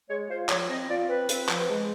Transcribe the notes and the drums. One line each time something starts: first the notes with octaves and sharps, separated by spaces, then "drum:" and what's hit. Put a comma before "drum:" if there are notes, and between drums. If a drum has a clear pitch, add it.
G#3 C#5
F4 C5
F3 C#5, drum: clap
C4 D#5
F4 D5
C4 B4
C4, drum: hi-hat
F3, drum: clap
G#3